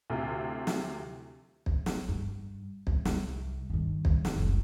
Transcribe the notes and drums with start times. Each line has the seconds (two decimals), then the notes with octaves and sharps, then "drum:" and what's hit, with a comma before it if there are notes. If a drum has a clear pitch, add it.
0.10 D2 C3 E4 F4
0.67 drum: snare
1.66 drum: kick
1.86 drum: snare
2.09 G2
2.87 G2, drum: kick
3.05 C2, drum: snare
3.70 G2 D#3
4.05 drum: kick
4.25 drum: snare
4.36 F#1 C#2